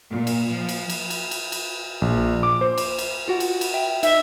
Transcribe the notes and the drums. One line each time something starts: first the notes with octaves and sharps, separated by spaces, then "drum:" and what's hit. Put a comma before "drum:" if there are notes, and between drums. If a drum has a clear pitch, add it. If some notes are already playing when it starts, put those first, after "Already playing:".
A#2
drum: cymbal
F3
drum: cymbal
drum: cymbal
drum: cymbal
drum: cymbal
drum: cymbal
A#1
D6
C5
drum: cymbal
drum: cymbal
F4 F#4 F#5
drum: cymbal
drum: cymbal
E5 G5
D#4 D#5 E5, drum: cymbal